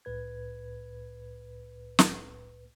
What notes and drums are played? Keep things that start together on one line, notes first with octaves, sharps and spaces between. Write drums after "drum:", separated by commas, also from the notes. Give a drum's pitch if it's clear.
C2 A2 B4 G#6
drum: snare